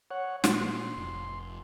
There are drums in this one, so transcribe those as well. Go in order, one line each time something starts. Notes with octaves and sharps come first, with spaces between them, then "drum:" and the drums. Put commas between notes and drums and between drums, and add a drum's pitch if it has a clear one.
C#5 F#5
A#2 C6, drum: snare
F1